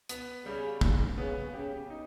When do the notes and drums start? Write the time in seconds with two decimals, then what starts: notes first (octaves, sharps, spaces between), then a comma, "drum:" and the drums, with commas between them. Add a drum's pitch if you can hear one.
0.09 B3, drum: hi-hat
0.45 C#3 G3
0.81 A#2, drum: kick
1.18 C#3 B3
1.54 C#3 G4
1.90 D#4